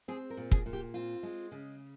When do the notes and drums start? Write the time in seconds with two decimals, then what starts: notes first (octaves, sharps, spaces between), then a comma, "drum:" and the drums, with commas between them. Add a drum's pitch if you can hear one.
0.08 C4 G#4
0.30 A#4
0.37 A#2
0.51 G#4, drum: kick
0.66 A#2
0.73 G4
0.94 C4 F4
1.23 G#3
1.52 C#3